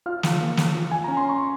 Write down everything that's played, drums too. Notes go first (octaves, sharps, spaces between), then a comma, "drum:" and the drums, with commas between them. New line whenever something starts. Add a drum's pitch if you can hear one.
F4 F5 F6
drum: snare
A#3
drum: snare
F4
G#5
C#4 A#5
C6
C#6